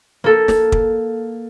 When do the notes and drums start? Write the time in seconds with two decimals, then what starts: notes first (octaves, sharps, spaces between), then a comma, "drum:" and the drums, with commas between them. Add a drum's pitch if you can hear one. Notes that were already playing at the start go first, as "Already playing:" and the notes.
0.24 A#3 A4
0.48 drum: snare
0.72 drum: kick